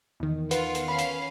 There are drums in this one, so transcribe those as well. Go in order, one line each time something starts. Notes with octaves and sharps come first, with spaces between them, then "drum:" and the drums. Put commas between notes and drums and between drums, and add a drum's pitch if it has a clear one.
E2 D#3
F4 B4 F#5, drum: hi-hat
drum: hi-hat
C#4 F5 B5
drum: hi-hat